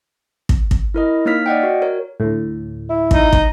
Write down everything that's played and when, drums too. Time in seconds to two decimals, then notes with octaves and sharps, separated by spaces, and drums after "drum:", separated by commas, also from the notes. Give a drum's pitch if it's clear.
0.49 drum: kick
0.71 drum: kick
0.94 E4 A#4 D#5
1.25 A#3 D#4 C#5 F6 B6
1.46 D5 D#5 F#5 G5
1.63 F#4
1.82 A#4 C#5
2.20 D2 A2
2.89 E4
3.11 D#4, drum: kick
3.33 drum: kick